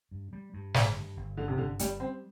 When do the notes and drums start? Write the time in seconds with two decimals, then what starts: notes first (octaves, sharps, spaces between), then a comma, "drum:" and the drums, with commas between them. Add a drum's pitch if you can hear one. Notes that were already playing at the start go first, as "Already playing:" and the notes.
0.11 G2
0.33 G3
0.54 G2
0.74 G1, drum: snare
0.95 G2
1.17 G1
1.37 G1 D3
1.48 C3
1.58 G1 D3
1.79 G1 G3, drum: hi-hat
2.00 G3 C4